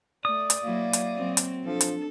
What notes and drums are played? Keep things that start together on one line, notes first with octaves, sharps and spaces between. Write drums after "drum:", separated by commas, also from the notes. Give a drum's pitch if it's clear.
A3 D5 D#6
drum: hi-hat
F#3 A#3 E4 F5
drum: hi-hat
F#3 C4
drum: hi-hat
F3 D4 A4
drum: hi-hat